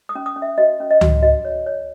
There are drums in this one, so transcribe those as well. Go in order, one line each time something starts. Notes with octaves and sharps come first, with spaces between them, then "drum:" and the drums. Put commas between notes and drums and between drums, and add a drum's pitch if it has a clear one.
D#6
C#4
D#6
C#4
E5
F#4 D#5
C#4
D#5
F#4, drum: tom C#2
F#4 D#5
C#5
C#5